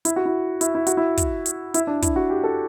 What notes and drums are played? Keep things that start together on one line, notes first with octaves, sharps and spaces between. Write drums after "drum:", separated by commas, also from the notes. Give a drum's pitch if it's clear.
E4, drum: hi-hat
F#4
E4
E4, drum: hi-hat
E4
F#4, drum: hi-hat
E4
drum: kick, hi-hat
drum: hi-hat
E4, drum: hi-hat
D4
E4, drum: kick, hi-hat
F#4
G4
A4